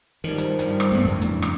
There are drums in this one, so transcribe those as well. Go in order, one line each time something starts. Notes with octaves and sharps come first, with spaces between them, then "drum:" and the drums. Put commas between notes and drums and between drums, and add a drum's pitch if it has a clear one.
D#3 F3 G3
drum: hi-hat
G2 F3 G3, drum: hi-hat
drum: rim click
E2 G2 E3 A3 B3
F2 A2 C#3
drum: hi-hat
drum: rim click